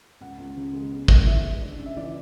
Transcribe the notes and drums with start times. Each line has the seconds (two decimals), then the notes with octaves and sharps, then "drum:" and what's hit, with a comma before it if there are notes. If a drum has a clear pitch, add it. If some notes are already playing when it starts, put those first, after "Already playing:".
0.21 C#2 F#5
0.38 C#2
0.56 C#3
0.73 G#3
0.91 B3
1.08 A2, drum: kick
1.25 E3 E5
1.44 G#3
1.61 D4
1.79 C#3
1.86 E5
1.96 E3 D5